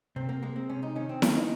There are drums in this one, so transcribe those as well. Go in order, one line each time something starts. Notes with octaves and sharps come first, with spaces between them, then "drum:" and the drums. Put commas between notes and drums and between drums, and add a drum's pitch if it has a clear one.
C3 C4
A#3
G#3 A#3
C4
C3 C#4
D#4
D#3 C#4
C4
D#3 C#4, drum: snare E4
D#4